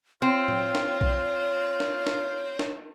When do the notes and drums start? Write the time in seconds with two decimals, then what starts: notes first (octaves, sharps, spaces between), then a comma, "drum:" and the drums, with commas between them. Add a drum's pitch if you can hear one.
0.22 C4 F4 C#5
0.48 drum: tom
0.75 drum: snare
1.01 drum: kick B1
1.80 drum: snare
2.07 drum: snare
2.59 drum: snare